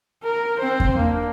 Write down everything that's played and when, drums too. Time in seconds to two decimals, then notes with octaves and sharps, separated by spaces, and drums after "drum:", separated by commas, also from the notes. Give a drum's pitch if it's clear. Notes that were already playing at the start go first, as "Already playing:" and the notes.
0.24 A#4
0.60 C4 C5
0.80 drum: kick E2
0.97 A#3 D4